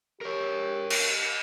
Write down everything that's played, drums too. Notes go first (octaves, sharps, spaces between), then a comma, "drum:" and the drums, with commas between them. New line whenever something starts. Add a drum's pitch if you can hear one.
G4 A#4 C#5
drum: cymbal